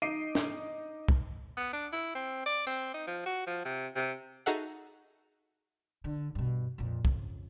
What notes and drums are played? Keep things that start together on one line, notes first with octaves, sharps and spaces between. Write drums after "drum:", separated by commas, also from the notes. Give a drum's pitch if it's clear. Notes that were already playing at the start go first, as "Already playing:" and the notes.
D#4 D#5 D6 C7 D7 D#7
drum: snare
drum: kick C2
B3
D4
E4
C4
D5
C4, drum: tambourine
D#4
F3
F#4
F3
C3
C3
D#4 F#4 G#4 A4 E5 F#5
D3
G2 B2
F2 A#2
F2 C#3, drum: kick C2